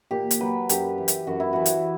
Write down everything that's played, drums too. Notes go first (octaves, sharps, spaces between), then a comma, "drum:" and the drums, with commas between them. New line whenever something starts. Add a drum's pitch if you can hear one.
A#2 G4
drum: hi-hat
F#3 B4
F#2 G4, drum: hi-hat
E3
drum: hi-hat
F#2 F#4
E4
E3 F#4
drum: hi-hat